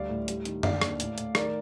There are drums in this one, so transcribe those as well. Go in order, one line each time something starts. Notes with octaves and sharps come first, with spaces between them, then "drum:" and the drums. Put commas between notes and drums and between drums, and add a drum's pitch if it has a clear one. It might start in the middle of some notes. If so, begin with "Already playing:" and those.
Already playing: D2 G3 D5 F5
A2
G3, drum: hi-hat
D#3, drum: hi-hat
D3 D5 F5, drum: tom
D#2, drum: rim click
A2, drum: hi-hat
A2, drum: hi-hat
D#3 A#4 D5, drum: rim click